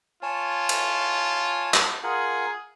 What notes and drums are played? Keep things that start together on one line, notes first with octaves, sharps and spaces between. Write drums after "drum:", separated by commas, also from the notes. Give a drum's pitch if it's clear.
F4 C#5 G#5 A5
drum: cymbal
drum: clap
F4 G#4 A#4 F#5